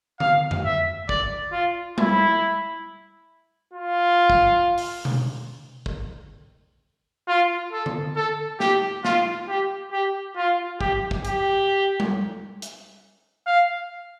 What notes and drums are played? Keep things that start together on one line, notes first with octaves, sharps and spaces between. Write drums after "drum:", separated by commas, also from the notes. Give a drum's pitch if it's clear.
F5, drum: tom D3
drum: tom F2
E5
D5, drum: kick
F4
E4, drum: tom G3
F4
drum: kick
drum: open hi-hat
drum: tom B2
drum: kick
F4
A4
drum: tom D3
A4
G4, drum: snare
F4, drum: snare
G4
G4
F4
G4, drum: kick
drum: kick
G4, drum: hi-hat
drum: tom G3
drum: hi-hat
F5